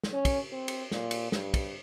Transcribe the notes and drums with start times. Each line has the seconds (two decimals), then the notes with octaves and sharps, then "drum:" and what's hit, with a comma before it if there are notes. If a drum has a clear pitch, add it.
0.04 drum: snare
0.13 C#4
0.25 drum: kick, cymbal
0.52 C4
0.68 drum: cymbal
0.92 A#2, drum: snare
1.11 drum: cymbal
1.32 G2, drum: snare
1.54 drum: kick, cymbal